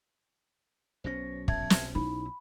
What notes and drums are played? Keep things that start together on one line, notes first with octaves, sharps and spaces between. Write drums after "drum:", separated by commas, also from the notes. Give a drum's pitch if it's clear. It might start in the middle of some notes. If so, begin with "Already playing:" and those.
B1 B2 C#4 C5 A#6
E5 A5 G#6, drum: kick
drum: snare
D#4 E4 B5